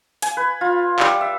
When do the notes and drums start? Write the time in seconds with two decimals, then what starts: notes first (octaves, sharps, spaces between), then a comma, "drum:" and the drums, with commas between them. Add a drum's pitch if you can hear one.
0.22 G#5, drum: hi-hat
0.37 B4
0.61 F4
0.99 G3, drum: clap
1.21 E5